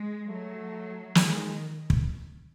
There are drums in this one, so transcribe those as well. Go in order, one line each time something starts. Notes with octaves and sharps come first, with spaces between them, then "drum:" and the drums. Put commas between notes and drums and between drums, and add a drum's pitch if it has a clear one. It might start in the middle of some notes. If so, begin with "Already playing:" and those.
Already playing: G#3
F#3 A3
D#3 G#3, drum: snare
drum: kick